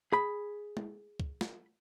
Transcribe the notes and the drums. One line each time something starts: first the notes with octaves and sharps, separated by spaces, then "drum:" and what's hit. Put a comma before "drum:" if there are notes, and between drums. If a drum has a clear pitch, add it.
G#4 B5
drum: tom
drum: kick
drum: snare